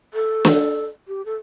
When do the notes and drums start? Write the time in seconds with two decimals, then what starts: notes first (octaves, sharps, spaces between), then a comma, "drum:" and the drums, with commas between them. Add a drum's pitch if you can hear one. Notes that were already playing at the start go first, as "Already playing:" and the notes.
0.14 A4
0.45 drum: snare
1.08 G4
1.26 A4